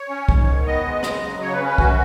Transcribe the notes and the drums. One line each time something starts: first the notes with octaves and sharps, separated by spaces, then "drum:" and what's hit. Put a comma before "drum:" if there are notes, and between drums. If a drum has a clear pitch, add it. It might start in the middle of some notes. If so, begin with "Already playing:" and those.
Already playing: C#5
C#4
G#2, drum: kick
D#3
B3 D#5
G#3
C#3, drum: rim click
F#3
C#3 C#5
B4
C#4
B4
F#2 F#4, drum: kick